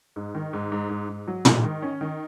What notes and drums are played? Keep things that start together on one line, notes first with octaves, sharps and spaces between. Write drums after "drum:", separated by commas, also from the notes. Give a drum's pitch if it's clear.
G#2
D#3
G#2
G#2
G#2
G#2
F#3
G#2, drum: tom
D#3
C#4
D#3